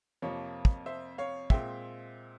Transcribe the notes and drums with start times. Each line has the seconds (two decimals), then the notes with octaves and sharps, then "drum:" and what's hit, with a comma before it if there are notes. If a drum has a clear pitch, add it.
0.22 F2 C3 F3 A#3 C#5
0.65 drum: kick
0.86 C5 E5
1.18 C#5 F5
1.50 A#2 G#3 C4 E5 G5, drum: kick